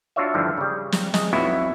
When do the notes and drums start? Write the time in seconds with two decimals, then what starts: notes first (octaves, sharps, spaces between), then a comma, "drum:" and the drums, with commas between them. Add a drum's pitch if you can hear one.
0.16 D4 F4 F#4 C#5 D5 E5
0.34 G2 D3 E3 F3 D4
0.58 C#3 G3
0.92 drum: snare
1.14 G#3, drum: snare
1.33 B1 F2 B3 E4 F#4